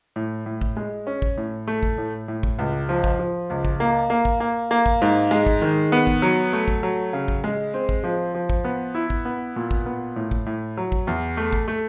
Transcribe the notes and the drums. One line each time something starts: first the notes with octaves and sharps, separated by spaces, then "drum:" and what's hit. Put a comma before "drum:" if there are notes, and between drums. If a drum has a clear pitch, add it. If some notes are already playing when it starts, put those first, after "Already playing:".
A2
A2
drum: kick
G#3
C#4
drum: kick
A2
A3
drum: kick
A2
A2
drum: kick
C#2
F3
drum: kick
F3
C#2
drum: kick
A#3
A#3
drum: kick
A#3
A#3
drum: kick
G#2
G#3
drum: kick
D#3
B3
drum: kick
F#3
A3
drum: kick
F#3
C#3
drum: kick
G#3
C4
drum: kick
F3
F3
drum: kick
B3
E4
drum: kick
B3
A#2
drum: kick
B3
A2
drum: kick
A2
F#3
drum: kick
E2
A3
drum: kick
A3